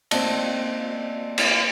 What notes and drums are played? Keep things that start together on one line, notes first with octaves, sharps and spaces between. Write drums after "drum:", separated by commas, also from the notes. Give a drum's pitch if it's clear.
A#3 C4 D5 D#5 A5, drum: cymbal
drum: cymbal